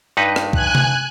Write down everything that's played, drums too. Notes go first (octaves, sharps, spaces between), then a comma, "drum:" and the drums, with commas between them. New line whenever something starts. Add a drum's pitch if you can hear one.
G2 D#4 B4
drum: rim click
G#5 F#6, drum: kick
drum: tom C3